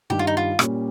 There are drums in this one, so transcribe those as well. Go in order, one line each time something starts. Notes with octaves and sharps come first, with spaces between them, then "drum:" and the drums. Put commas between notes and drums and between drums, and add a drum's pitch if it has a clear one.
G2 D#3 G3 G4
F4
D#4
F4
A#2 G3 C#4 G4, drum: rim click